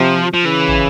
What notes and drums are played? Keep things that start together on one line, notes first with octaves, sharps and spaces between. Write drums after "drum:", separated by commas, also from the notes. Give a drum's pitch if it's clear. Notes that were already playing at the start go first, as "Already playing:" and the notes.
Already playing: C3 F3
F3
C#3 E3
drum: tom